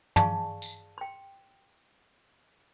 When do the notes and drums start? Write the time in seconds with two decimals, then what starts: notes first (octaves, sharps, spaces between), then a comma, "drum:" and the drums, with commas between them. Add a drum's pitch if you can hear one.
0.16 G#4 D5 F5 G#5 A5 C#6, drum: tom
0.62 drum: tambourine
0.98 G5 C6